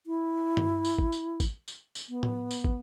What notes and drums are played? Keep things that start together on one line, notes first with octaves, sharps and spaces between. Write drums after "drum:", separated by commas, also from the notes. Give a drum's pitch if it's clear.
E4
drum: tom G2
drum: tambourine
drum: kick
drum: tambourine
drum: kick, tambourine
drum: tambourine
drum: tambourine
B3
drum: tom A2
drum: tambourine
drum: kick